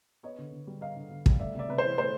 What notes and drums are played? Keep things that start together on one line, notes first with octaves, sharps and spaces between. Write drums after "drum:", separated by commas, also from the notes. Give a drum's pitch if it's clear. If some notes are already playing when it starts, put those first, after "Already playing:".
B3 C#5 D#5
D3
D3
G3
B3 D#5 F5
D3
D3
G3, drum: kick
A3 D5 E5
C3 D5 E5
C3 B4
E3 C5
A3 C5